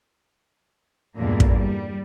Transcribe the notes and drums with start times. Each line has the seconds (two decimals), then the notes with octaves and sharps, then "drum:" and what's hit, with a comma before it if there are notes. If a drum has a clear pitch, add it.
1.18 E2 G2 A#2 D3 G#3 A#3
1.40 drum: kick
1.55 G3